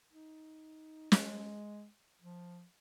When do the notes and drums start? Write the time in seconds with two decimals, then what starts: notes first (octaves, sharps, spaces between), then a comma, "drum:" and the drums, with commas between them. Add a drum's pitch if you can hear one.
0.11 D#4
1.12 G#3, drum: snare
2.20 F3